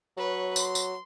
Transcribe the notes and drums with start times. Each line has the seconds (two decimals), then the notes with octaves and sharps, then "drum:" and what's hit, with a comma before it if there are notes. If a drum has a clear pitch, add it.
0.17 F#3 B4 C#5
0.56 C6, drum: tambourine
0.75 drum: tambourine